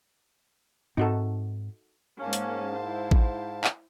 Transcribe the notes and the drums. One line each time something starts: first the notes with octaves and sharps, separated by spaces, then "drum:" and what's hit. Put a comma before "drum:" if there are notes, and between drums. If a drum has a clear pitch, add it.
G#2 C4 D#4 F#4 A4
G#2 G#3 A#3 C#4 F5 A5
drum: hi-hat
E4 C5
drum: kick A1
drum: clap